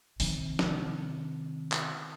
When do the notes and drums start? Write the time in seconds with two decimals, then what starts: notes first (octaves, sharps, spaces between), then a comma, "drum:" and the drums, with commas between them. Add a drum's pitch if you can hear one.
0.20 C3 D#3, drum: open hi-hat
0.59 drum: snare
1.72 drum: clap